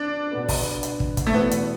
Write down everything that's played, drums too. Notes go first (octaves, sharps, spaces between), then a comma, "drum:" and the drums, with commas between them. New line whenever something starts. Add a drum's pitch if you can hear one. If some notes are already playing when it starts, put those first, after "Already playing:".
Already playing: D4
B2 B3 D4 B4
drum: kick, open hi-hat
drum: hi-hat
drum: kick
drum: kick, hi-hat
A3
E2 B2 G3 B3 E4
drum: hi-hat